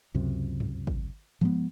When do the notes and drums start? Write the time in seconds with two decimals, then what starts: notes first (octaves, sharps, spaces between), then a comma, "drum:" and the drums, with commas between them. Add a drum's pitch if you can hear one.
0.14 C#2 F#2 C3
0.60 drum: tom G2
0.87 drum: kick
1.41 F3 G#3 B3, drum: tom G2